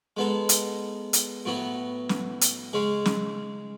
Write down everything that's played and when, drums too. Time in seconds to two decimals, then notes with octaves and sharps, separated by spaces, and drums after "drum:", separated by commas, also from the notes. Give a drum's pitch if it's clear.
0.17 G#3 B3 D#4 A4
0.49 drum: hi-hat
1.13 drum: hi-hat
1.45 A2 F#3 B3 F#4
2.09 drum: snare
2.41 drum: hi-hat
2.73 C#3 G#3 C#4
3.05 drum: snare